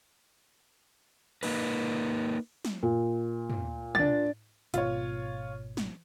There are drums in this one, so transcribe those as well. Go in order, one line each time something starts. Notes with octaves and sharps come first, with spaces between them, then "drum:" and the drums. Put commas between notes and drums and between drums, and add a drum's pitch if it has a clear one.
A#3 D#4 B4, drum: cymbal
drum: snare
A#2
drum: tom
D4 A6, drum: tom
G#1 B2 F4 C#5, drum: hi-hat
drum: snare